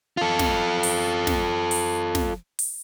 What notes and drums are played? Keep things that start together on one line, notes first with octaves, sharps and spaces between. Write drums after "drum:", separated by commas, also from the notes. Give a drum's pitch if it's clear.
F4 A4
drum: snare
drum: open hi-hat
drum: snare
drum: open hi-hat
drum: snare
drum: open hi-hat